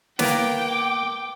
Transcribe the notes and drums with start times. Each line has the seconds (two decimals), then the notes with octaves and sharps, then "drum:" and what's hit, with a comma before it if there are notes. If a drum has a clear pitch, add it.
0.19 A#3 B3 G5 D6, drum: snare